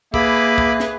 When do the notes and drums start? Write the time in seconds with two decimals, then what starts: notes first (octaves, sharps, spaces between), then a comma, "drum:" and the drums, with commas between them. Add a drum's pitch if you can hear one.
0.14 A#3 G#4 B4 E5 B5 D6 E6, drum: kick
0.58 drum: kick
0.80 drum: snare